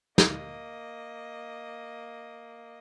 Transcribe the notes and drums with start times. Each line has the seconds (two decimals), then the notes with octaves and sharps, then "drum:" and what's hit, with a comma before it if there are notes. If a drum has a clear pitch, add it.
0.18 A#3 D#5, drum: snare